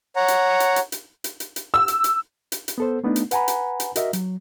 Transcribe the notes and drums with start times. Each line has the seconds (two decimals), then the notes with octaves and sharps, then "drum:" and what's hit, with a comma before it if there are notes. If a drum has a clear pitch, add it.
0.16 C#5 F#5 A#5
0.28 drum: hi-hat
0.60 drum: hi-hat
0.76 drum: hi-hat
0.92 drum: hi-hat
1.24 drum: hi-hat
1.40 drum: hi-hat
1.56 drum: hi-hat
1.74 E6
1.88 drum: hi-hat
2.04 drum: hi-hat
2.52 drum: hi-hat
2.68 drum: hi-hat
2.78 B3 A4 C5
3.04 A3 B3 D4 D#4
3.16 drum: hi-hat
3.31 B4 F#5 G#5 A#5 B5, drum: hi-hat
3.48 drum: hi-hat
3.80 drum: hi-hat
3.96 F#4 A#4 D#5 E5, drum: hi-hat
4.13 F#3, drum: hi-hat